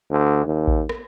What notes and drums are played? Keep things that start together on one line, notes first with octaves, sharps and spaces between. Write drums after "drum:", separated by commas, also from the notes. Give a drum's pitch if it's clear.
D2
D#2
drum: kick A1
drum: rim click